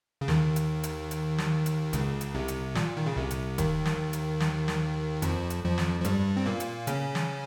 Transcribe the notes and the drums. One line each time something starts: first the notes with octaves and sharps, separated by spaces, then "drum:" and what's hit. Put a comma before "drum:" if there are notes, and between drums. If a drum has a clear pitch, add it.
C#3
D#2 D#3, drum: snare
drum: hi-hat
drum: hi-hat
drum: hi-hat
drum: snare
drum: hi-hat
C#2 C#3, drum: hi-hat
drum: hi-hat
C2 C3
drum: hi-hat
A#2, drum: snare
D#3
C#3
C2 C3
drum: hi-hat
D#2 D#3, drum: kick D#1, hi-hat
drum: snare
drum: hi-hat
drum: snare
drum: snare
F2 F3, drum: hi-hat
drum: hi-hat
F2 F3
drum: snare
F3
G2 G3, drum: hi-hat
C4
A#2 A#3
drum: hi-hat
C#3 C#4, drum: hi-hat
drum: snare